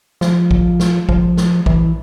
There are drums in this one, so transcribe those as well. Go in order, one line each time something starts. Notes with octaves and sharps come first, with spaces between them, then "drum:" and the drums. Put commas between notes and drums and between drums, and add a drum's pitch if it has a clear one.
F3, drum: snare
drum: kick A#1
drum: snare
F3, drum: kick A#1
drum: snare
E3, drum: kick A#1